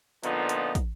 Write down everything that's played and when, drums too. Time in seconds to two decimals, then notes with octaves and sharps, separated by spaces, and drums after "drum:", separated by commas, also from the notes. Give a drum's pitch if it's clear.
0.23 A#2 D3 F3 B3 D#4, drum: hi-hat
0.49 drum: hi-hat
0.75 drum: kick, hi-hat